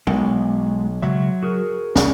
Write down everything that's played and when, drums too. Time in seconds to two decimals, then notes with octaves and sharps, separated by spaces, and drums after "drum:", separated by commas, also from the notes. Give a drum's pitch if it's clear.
0.07 B1 G#3, drum: tom G#3
1.02 C#3 F#3 G#3 E5
1.43 F#4 G#4 A#4
1.96 C2 G#3 C#4, drum: snare